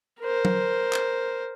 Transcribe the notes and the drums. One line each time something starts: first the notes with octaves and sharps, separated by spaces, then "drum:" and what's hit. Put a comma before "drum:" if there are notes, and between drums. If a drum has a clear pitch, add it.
A#4 C5
drum: tom F#3
drum: clap